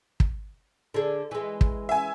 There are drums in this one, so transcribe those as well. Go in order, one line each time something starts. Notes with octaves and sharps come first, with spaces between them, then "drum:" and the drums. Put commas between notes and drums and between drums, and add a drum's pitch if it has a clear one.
drum: kick
D3 G#4
E3 G#3
drum: kick
E5 G#5